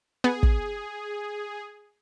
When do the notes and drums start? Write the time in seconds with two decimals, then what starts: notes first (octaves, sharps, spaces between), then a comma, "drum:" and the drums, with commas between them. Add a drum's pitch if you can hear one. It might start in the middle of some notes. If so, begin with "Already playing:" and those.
0.24 B3 G#4
0.43 drum: kick